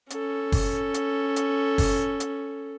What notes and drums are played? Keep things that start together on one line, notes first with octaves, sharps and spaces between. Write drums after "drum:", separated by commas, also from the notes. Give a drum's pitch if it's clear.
C#4 A4, drum: hi-hat
drum: kick F#1, open hi-hat
drum: hi-hat
drum: hi-hat
drum: kick F#1, open hi-hat
drum: hi-hat